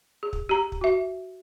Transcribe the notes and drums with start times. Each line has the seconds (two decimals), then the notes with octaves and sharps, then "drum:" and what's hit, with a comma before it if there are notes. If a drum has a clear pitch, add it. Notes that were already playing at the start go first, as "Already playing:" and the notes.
0.23 G#4
0.33 drum: kick
0.49 G4 A#5
0.72 drum: kick
0.81 F#4 E5